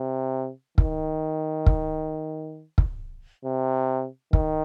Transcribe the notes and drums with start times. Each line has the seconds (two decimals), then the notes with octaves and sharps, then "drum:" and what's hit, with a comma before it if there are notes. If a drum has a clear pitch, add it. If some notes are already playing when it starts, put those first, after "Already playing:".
Already playing: C3
0.78 D#3, drum: kick
1.66 drum: kick
2.78 drum: kick
3.45 C3
4.33 D#3, drum: kick